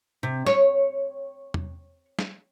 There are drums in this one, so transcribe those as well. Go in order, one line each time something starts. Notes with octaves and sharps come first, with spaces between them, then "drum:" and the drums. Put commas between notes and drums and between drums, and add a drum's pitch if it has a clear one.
C3
C#5, drum: snare
drum: tom E2
drum: snare